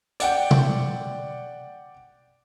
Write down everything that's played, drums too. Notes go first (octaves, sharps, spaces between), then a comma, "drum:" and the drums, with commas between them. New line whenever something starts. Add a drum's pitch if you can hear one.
D5 F#5 G5, drum: hi-hat
drum: tom B2